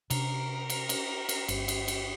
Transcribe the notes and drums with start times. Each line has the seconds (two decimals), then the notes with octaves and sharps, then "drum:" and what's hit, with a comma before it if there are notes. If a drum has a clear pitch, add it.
0.10 C3 D4 A#4, drum: cymbal
0.70 drum: cymbal
0.89 drum: cymbal
1.29 drum: cymbal
1.48 G1, drum: cymbal
1.68 drum: cymbal
1.88 drum: cymbal